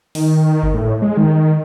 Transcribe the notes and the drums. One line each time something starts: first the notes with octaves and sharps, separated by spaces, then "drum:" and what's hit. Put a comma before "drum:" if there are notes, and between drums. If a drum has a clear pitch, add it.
D#3, drum: open hi-hat
drum: kick G1
A2
G#3
D#3